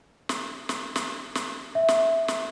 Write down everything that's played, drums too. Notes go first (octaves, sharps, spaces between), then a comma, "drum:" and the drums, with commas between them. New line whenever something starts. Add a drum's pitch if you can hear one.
drum: snare
drum: snare
drum: snare
drum: snare
E5
drum: snare
drum: snare